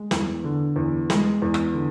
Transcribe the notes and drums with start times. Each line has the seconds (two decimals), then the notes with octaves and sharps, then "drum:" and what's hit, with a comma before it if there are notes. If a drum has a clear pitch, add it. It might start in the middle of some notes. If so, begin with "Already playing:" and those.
Already playing: G#3
0.11 E2, drum: snare
0.44 D3
0.76 E2
1.10 G#3, drum: snare
1.42 E2
1.54 drum: rim click
1.74 D3